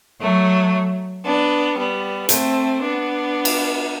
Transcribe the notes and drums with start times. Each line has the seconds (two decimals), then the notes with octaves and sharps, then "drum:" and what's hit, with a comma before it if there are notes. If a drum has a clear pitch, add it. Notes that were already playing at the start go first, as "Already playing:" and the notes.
0.20 F#3 A3
1.25 B3 D4
1.77 G3 B3
2.29 A3 C4, drum: hi-hat
2.82 B3 D4
3.45 drum: cymbal